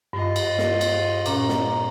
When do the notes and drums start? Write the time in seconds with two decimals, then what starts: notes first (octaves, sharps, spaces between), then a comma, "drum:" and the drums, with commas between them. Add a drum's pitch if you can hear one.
0.13 G2 F4 D#5
0.36 drum: cymbal
0.58 drum: snare
0.81 drum: cymbal
1.26 A#2 C#4 A#5, drum: cymbal
1.49 drum: snare